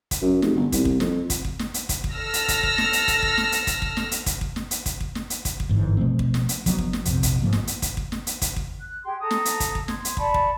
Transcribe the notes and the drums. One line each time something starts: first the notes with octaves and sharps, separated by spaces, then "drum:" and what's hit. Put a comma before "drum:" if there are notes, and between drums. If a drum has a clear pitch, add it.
drum: kick, hi-hat
F#2
F1, drum: snare
G1
C2, drum: kick, hi-hat
drum: kick
F2, drum: snare
drum: kick, hi-hat
drum: kick
drum: snare
drum: hi-hat
drum: kick, hi-hat
drum: kick
A4 E6 F6 A#6
drum: hi-hat
drum: kick, hi-hat
drum: kick
drum: snare
drum: hi-hat
drum: kick, hi-hat
drum: kick
drum: snare
drum: hi-hat
drum: kick, hi-hat
drum: kick
drum: snare
drum: hi-hat
drum: kick, hi-hat
drum: kick
drum: snare
drum: hi-hat
drum: kick, hi-hat
drum: kick
drum: snare
drum: hi-hat
drum: kick, hi-hat
drum: kick
G1 G#2 E3
B2 F3 A3 C4
drum: kick
drum: snare
drum: hi-hat
F3 F#3 B3 D4, drum: kick, hi-hat
drum: kick
drum: snare
A#1 F2 C3, drum: hi-hat
drum: kick, hi-hat
G#1 G#2 F3 A#3
drum: snare
drum: hi-hat
drum: kick, hi-hat
drum: kick
drum: snare
drum: hi-hat
drum: kick, hi-hat
drum: kick
F#6
G4 G#4 G5 C6
A4 A5 A#5 D#6
drum: snare
drum: hi-hat
drum: kick, hi-hat
drum: kick
C6 G#6, drum: snare
drum: hi-hat
D5 A5 B5 C#6, drum: kick
drum: kick